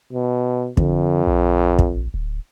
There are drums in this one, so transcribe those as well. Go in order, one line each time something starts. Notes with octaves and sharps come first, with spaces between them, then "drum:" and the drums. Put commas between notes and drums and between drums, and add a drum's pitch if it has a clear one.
B2
F2 D3, drum: kick
A#1
drum: kick
D1